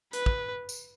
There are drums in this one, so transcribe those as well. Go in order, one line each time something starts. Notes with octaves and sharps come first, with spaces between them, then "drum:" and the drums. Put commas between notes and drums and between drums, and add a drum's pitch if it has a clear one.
B4, drum: hi-hat
drum: kick
drum: tambourine